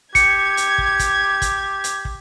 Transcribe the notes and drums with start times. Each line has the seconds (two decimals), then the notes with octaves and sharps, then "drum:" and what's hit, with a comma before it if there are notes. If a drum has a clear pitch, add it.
0.15 G4 G#6 C#7, drum: kick, hi-hat
0.57 drum: hi-hat
0.78 drum: kick
0.99 drum: kick, hi-hat
1.42 drum: kick, hi-hat
1.84 drum: hi-hat
2.05 drum: kick